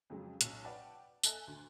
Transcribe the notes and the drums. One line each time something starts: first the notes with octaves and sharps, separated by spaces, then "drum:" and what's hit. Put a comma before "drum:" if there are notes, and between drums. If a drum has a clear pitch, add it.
F2 C#3 F#3 G#3
B1 C#4, drum: hi-hat
B4 D5 F#5 G5 A5
A4 D#5 E5 G#5 A5 F#6, drum: tambourine
D2